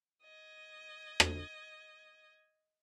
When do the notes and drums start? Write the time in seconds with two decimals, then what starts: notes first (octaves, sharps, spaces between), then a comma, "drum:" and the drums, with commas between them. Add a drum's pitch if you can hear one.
0.22 D#5 G#6
1.20 drum: rim click